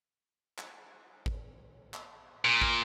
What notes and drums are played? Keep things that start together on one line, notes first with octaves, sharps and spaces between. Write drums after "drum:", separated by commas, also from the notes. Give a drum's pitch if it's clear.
drum: clap
drum: kick
drum: clap
A#2
drum: kick